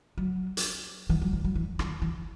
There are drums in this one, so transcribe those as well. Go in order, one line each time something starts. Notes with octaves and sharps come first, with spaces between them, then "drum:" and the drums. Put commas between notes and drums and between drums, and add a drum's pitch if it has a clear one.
F#3
drum: hi-hat
E3
F#3
E3
F#3
E3
D#3, drum: rim click
E3